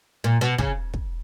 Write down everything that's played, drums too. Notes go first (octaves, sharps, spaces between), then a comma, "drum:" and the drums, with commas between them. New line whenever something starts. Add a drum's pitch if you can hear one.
A#2
B2
C#3, drum: kick
drum: kick